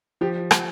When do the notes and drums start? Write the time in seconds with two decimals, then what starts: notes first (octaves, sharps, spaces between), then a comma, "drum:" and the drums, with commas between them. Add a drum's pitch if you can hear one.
0.21 F3 G4
0.51 drum: rim click